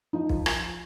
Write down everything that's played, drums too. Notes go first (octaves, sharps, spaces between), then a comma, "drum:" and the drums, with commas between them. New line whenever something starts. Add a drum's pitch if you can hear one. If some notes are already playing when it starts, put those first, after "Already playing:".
F3 D#4
F3, drum: kick
drum: rim click